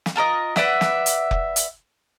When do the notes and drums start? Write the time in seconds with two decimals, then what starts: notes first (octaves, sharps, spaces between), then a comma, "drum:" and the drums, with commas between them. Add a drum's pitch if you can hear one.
0.06 drum: snare
0.16 F4 A4 A#4 D#5
0.56 B4 D5 E5 F#5, drum: snare
0.81 drum: snare
1.06 drum: hi-hat
1.31 drum: kick F1
1.56 drum: hi-hat